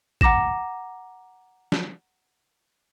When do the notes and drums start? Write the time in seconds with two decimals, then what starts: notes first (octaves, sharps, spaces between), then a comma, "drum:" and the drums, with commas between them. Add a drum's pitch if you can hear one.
0.21 F#5 A#5 D6 A#6 E7, drum: kick
1.72 drum: snare